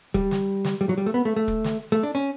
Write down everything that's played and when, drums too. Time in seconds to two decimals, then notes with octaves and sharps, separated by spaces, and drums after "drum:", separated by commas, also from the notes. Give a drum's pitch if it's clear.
0.14 G3, drum: kick
0.31 drum: snare
0.64 drum: snare
0.81 G3
0.89 F#3
0.98 G3
1.06 A3
1.14 B3
1.25 A3
1.36 A3
1.48 drum: kick
1.64 drum: snare
1.92 A3
2.03 D4
2.15 C#4